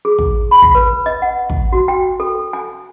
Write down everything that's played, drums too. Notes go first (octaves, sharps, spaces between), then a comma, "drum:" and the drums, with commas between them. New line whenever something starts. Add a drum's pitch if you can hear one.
G#4
drum: kick
B5
drum: kick
B4
D#5
F#5
drum: kick
F#4
G5
A4
G#5